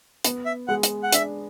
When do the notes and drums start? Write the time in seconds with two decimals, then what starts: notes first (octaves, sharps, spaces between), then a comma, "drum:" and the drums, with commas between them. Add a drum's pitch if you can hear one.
0.24 B3, drum: hi-hat
0.46 E5
0.68 G#3 F#5
0.83 drum: hi-hat
1.03 F#5
1.12 D4 E5, drum: hi-hat